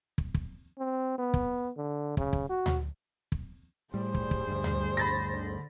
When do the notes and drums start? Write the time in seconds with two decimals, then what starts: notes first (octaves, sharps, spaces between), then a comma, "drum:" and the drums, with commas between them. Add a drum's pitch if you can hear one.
0.18 drum: kick
0.34 drum: kick
0.78 C4
1.18 B3
1.34 drum: kick
1.77 D3
2.17 C#3, drum: kick
2.33 drum: kick
2.49 F#4
2.66 drum: tom D2
3.32 drum: kick
3.94 A2 G3 G#4 C5
4.15 drum: kick
4.31 drum: kick
4.48 D2 G2
4.64 drum: tom D2
4.97 B5 A6 A#6
5.33 D3